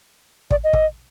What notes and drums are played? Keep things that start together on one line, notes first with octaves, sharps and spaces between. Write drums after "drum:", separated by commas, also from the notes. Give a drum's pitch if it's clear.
D5, drum: kick
D#5
drum: kick